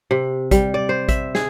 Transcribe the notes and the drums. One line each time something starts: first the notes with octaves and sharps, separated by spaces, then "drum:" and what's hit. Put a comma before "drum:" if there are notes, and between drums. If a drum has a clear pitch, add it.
C3
G3, drum: kick A1, hi-hat
D5
C5
E5, drum: kick A1, hi-hat
G#4, drum: snare